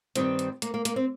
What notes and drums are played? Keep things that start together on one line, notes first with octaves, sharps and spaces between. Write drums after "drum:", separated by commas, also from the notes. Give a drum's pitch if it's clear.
G2 D#3 G3 C4, drum: hi-hat
drum: hi-hat
A#3, drum: hi-hat
A#3
A#3, drum: hi-hat
C4